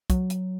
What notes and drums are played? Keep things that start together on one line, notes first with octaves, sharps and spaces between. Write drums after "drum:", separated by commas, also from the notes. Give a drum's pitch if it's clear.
F#3, drum: kick, hi-hat
drum: hi-hat